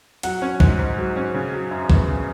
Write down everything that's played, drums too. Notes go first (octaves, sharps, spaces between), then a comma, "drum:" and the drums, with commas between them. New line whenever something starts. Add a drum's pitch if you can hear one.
F#3 F#5, drum: hi-hat
C#4
G#2, drum: kick
G#2
F#3
C#4
C#3
F#3
F#2
B3, drum: kick
C#3